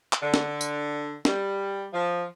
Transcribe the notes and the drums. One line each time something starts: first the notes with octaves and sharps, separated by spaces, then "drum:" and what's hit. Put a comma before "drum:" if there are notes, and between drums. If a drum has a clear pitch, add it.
drum: clap
D3
drum: snare
drum: tambourine
G3, drum: snare
F3